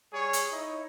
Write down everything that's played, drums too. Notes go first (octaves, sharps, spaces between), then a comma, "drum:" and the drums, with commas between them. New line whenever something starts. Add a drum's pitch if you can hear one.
G3 G#4 C#5
drum: hi-hat
D#4 E4 C#5